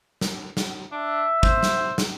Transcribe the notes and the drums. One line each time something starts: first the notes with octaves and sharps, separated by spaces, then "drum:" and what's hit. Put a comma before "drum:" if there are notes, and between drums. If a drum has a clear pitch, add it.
drum: snare
drum: snare
D4 E5
C5, drum: kick
drum: snare
drum: snare